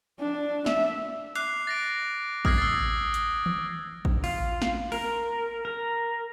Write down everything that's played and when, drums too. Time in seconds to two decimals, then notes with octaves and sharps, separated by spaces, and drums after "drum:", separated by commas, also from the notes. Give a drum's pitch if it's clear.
0.19 D4
0.66 E5, drum: snare
1.35 D6 F6 F#6 C7 F7, drum: hi-hat
1.67 A6 A#6 D7
2.45 D#6 F6 G#6 A#6 C7, drum: kick A1
2.58 E6 A6
3.14 drum: hi-hat
3.46 drum: tom D#3
4.05 drum: kick A1
4.24 F4, drum: open hi-hat
4.62 drum: snare
4.92 A#4, drum: open hi-hat
5.65 A#4